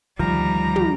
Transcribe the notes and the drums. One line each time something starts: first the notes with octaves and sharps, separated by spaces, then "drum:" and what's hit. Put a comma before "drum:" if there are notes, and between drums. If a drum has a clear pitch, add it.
D2 D#3 F3 G3 A#5
drum: tom